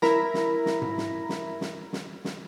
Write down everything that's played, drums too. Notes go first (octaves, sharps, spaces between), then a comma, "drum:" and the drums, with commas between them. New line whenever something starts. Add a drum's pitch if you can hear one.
E4 A#4 A#5 B5, drum: snare
drum: snare
drum: snare
drum: tom G#2
drum: snare
drum: snare
drum: snare
drum: snare
drum: snare